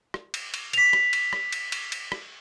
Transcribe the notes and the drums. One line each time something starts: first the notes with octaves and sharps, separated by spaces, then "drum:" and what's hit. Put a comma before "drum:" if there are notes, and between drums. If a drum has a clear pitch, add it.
drum: rim click
drum: cymbal
drum: cymbal
B6 F7, drum: cymbal
drum: rim click
drum: cymbal
drum: rim click
drum: cymbal
drum: cymbal
drum: cymbal
drum: rim click